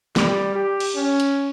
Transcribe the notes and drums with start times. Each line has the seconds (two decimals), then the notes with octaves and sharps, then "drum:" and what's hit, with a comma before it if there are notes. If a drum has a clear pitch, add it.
0.16 G3, drum: snare
0.55 G4
0.80 drum: cymbal
0.95 C#4
1.20 drum: hi-hat